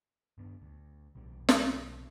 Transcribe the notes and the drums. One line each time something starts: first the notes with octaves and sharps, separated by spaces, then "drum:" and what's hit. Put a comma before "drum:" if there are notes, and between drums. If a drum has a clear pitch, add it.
G2 D#3 B3 D4
D2
B1 A#2 E3 G3
drum: snare